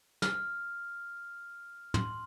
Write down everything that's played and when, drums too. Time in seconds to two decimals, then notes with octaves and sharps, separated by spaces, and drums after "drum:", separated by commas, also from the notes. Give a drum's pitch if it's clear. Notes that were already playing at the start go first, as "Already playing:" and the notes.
0.22 F6, drum: snare
1.94 C6, drum: tom